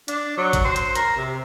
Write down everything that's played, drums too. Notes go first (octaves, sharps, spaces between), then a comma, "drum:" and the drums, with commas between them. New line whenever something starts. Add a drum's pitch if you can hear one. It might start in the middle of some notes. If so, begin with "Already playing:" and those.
D4, drum: hi-hat
F#3
drum: kick, hi-hat
C5
drum: hi-hat
A#4, drum: hi-hat
C3